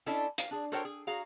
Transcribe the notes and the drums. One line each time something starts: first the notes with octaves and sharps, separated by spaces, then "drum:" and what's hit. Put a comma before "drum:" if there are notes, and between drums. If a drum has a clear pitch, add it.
C#4 D4 E4 A4 D#5 A5
F5, drum: hi-hat
D4 G#4
F#4 A4 A#4 C5 C#5 G5
G#4
F#4 G#4 F5 A#5